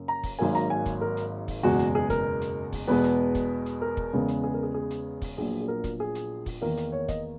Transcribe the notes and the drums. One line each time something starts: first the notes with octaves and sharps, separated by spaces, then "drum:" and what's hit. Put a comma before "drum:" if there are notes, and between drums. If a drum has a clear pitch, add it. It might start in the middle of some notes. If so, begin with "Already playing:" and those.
Already playing: F#2 C#3 A#3
A#5
drum: kick, open hi-hat
G#1 G#2 F#3 A#3 G#5
A#5, drum: hi-hat
G#5
drum: kick, hi-hat
A#4
drum: hi-hat
drum: kick, open hi-hat
F#1 E2 B2 G#3 F#4
drum: hi-hat
G#4
A#4, drum: kick, hi-hat
drum: hi-hat
drum: kick, open hi-hat
E2 B2 G#3 B3 B4
drum: hi-hat
drum: kick, hi-hat
drum: hi-hat
A#4
drum: kick
E2 C#3 G#3 B3
drum: hi-hat
G#4
A#4
G#4
G#4
drum: hi-hat
drum: kick, open hi-hat
A#1 A#2 F#3 B3 G#4
G#4
A#4
drum: kick, hi-hat
G#4
drum: hi-hat
drum: kick, open hi-hat
E2 D#3 A#3 A#4
drum: hi-hat
C#5
D#5, drum: kick, hi-hat